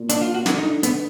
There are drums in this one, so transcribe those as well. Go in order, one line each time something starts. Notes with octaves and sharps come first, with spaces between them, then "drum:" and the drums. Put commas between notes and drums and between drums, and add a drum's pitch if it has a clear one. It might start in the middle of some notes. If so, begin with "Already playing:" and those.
Already playing: A#2
D4, drum: hi-hat
F4
F#4
D3, drum: snare
D#4
B3, drum: hi-hat